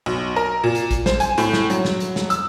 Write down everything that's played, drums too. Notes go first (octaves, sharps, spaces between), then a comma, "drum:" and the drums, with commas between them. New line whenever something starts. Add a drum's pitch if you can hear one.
B1
A#4
A#2
drum: hi-hat
drum: kick A#1, hi-hat
C5, drum: snare
G#5, drum: hi-hat
A2, drum: hi-hat
drum: snare
F#3, drum: hi-hat
drum: snare
drum: hi-hat
drum: snare
E6, drum: hi-hat